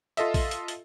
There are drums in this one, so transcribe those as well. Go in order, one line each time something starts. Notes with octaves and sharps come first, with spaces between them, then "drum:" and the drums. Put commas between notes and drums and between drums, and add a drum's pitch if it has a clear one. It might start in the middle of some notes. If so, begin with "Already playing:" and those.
F4 A4 D#5 E5, drum: hi-hat
drum: kick A#1, open hi-hat
drum: hi-hat
drum: hi-hat